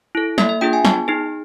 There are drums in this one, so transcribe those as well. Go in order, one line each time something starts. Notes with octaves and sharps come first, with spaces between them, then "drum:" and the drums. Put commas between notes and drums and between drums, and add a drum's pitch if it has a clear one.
E4 A4
A#3 E5, drum: snare
E5
D4 F4 G#4 G5
G#5
B3 A5, drum: snare
D#4 G#4